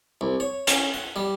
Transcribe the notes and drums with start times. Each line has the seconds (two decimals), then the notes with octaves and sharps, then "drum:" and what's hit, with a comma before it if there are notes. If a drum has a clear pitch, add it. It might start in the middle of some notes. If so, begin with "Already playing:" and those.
0.21 C2
0.40 C#5
0.67 C#4, drum: hi-hat
0.94 F#5
1.16 G3